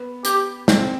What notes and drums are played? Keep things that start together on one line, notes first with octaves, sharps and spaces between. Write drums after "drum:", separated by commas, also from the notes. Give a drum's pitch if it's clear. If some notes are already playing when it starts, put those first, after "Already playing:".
Already playing: B3
G4, drum: hi-hat
C4, drum: snare